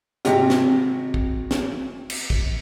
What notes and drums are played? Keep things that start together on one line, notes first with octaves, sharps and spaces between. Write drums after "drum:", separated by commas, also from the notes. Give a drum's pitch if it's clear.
G#1 C3, drum: hi-hat
drum: snare
drum: kick
drum: snare
drum: cymbal
drum: kick